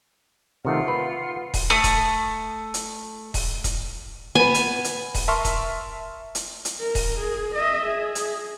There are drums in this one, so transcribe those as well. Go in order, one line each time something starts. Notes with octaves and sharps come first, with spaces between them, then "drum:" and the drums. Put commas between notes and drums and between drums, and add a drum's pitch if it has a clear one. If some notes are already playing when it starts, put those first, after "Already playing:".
C3 D#3 A3 F4 F#5 F6
B4
drum: kick D#1, open hi-hat
A3 D#6
drum: kick D#1, hi-hat
drum: hi-hat
drum: kick D#1, open hi-hat
drum: kick D#1, hi-hat
B3 B4 G#5
drum: hi-hat
drum: hi-hat
drum: kick D#1, open hi-hat
A#4 E5 A5 C6 C#6 F6
drum: kick D#1, hi-hat
drum: hi-hat
drum: hi-hat
A#4
drum: kick D#1, open hi-hat
G#4
D#5 E5
G#4
drum: hi-hat